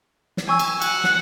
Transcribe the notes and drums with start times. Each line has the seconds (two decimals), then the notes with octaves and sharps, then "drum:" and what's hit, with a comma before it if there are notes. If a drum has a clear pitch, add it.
0.37 drum: snare
0.48 D4 G#5 C#6 E6
0.59 drum: cymbal
0.82 F#5, drum: cymbal
1.04 drum: snare